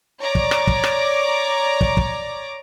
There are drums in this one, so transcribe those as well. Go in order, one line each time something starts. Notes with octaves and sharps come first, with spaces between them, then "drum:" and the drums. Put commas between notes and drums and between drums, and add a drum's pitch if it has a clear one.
C#5 D5 A#5 D6
drum: kick
drum: rim click
drum: kick
drum: rim click
drum: kick
drum: kick